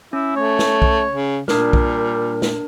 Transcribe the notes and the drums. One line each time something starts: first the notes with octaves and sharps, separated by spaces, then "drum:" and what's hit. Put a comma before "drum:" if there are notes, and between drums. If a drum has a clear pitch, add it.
C#4 E4
A3 C#5
drum: snare
drum: kick B1
C#3
A#2 G3 D4 A#4, drum: snare
drum: kick B1
drum: snare